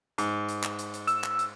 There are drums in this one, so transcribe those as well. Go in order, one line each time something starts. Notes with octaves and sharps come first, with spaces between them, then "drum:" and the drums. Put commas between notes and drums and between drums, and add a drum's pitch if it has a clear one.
G#2, drum: hi-hat
drum: hi-hat
drum: clap
drum: hi-hat
drum: hi-hat
E6, drum: hi-hat
drum: clap
drum: hi-hat